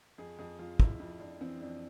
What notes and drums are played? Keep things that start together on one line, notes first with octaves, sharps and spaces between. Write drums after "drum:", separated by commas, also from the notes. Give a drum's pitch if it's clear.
F2 G#4
F2 G#4
F2 F4
F2 E4, drum: kick
F2 E4
F2 D4
E3 C4
F2 D4